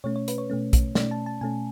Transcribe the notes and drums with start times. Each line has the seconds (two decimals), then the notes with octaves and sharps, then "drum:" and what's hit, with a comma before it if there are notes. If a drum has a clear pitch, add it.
0.04 B2 A3 C#4 C#5
0.16 C#5
0.28 B4, drum: hi-hat
0.38 C#5
0.50 B2 A3 C#4
0.73 drum: kick A#1, hi-hat
0.95 B2 A3 C#4 D5, drum: snare
1.11 A5
1.26 A5
1.41 B2 A3 C#4 G#5